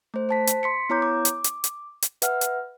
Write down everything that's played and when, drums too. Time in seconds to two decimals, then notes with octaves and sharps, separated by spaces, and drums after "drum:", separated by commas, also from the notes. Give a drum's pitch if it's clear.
0.14 A3 C5
0.29 C5 A5 B6
0.47 drum: hi-hat
0.63 C6 B6 C#7
0.89 B3 E4 C#5 A#5 D6 G6
1.02 D6
1.25 drum: hi-hat
1.44 drum: hi-hat
1.64 drum: hi-hat
2.02 drum: hi-hat
2.22 B4 E5 F#5 F6, drum: hi-hat
2.41 drum: hi-hat